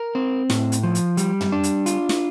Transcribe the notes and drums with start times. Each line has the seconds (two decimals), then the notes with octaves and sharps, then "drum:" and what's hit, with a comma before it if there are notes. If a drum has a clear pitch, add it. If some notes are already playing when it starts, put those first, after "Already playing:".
Already playing: A#4
0.15 C4
0.50 A2, drum: snare
0.72 drum: hi-hat
0.83 F3
0.95 drum: hi-hat
1.17 G3, drum: hi-hat
1.41 drum: tom
1.52 D4
1.63 drum: hi-hat
1.86 F4, drum: hi-hat
2.09 drum: snare